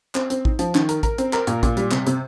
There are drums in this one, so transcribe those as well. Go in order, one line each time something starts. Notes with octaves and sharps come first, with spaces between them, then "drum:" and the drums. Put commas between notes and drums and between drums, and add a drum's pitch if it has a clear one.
C4, drum: clap
C4, drum: hi-hat
D#4, drum: kick A1
F3, drum: hi-hat
D#3, drum: clap
A#4, drum: hi-hat
A#4, drum: kick A1, hi-hat
C4, drum: hi-hat
A#4, drum: clap
A#2, drum: hi-hat
A#2, drum: kick A1, hi-hat
G3, drum: hi-hat
C3, drum: clap
C3, drum: hi-hat